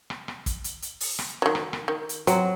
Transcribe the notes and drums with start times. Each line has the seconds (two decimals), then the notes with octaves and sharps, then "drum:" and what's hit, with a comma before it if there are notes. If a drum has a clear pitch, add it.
0.10 drum: rim click
0.28 drum: rim click
0.46 drum: kick, hi-hat
0.64 drum: hi-hat
0.82 drum: hi-hat
1.01 drum: open hi-hat
1.19 drum: rim click
1.42 D#3 F#3
1.55 drum: rim click
1.73 drum: rim click
1.88 D#3
2.09 drum: hi-hat
2.27 F#3 C4, drum: hi-hat